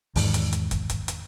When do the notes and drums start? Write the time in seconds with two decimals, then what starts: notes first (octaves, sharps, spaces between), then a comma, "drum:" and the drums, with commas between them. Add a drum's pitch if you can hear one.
0.16 E2 G#2 D#3, drum: open hi-hat
0.34 drum: hi-hat
0.53 drum: hi-hat
0.71 drum: kick, hi-hat
0.90 drum: kick, hi-hat
1.08 drum: hi-hat